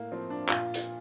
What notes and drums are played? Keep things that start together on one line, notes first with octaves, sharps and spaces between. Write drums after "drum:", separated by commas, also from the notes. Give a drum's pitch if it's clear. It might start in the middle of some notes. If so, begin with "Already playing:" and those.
Already playing: A2 A#3
F3 C4
D4
A#2 F4, drum: clap
drum: hi-hat